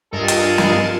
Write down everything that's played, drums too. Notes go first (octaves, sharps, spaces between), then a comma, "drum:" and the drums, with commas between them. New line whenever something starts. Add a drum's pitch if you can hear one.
G2 G#3 F4 A4 A#4 D#5
drum: hi-hat
drum: snare